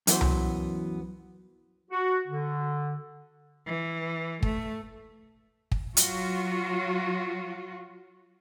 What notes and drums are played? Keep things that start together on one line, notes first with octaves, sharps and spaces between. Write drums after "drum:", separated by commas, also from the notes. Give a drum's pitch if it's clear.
F#2 E3 F#3 B3 C5, drum: hi-hat
drum: tom C2
F#4
D3
E3
A3, drum: kick
drum: kick
F#3 F4 F#4, drum: hi-hat